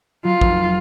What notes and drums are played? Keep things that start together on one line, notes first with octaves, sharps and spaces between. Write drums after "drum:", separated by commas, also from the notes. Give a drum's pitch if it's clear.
F#3 F4
F1, drum: kick